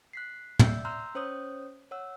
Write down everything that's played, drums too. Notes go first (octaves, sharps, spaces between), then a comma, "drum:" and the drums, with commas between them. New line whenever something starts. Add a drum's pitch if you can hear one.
F#6 B6 C7
D5 E5 E6 G6, drum: tom
A#5 C6 E6 F6 G6
C#4 C5 C#5 D#6 G6
C#5 F#5 E6